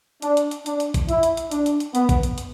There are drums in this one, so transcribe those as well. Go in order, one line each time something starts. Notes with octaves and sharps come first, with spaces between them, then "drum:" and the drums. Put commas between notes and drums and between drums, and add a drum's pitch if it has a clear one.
D4, drum: hi-hat
drum: hi-hat
drum: hi-hat
D4, drum: hi-hat
drum: hi-hat
drum: kick A#1, hi-hat
E4, drum: hi-hat
drum: hi-hat
drum: hi-hat
D4, drum: hi-hat
drum: hi-hat
drum: hi-hat
B3, drum: hi-hat
drum: kick A#1, hi-hat
drum: hi-hat
drum: hi-hat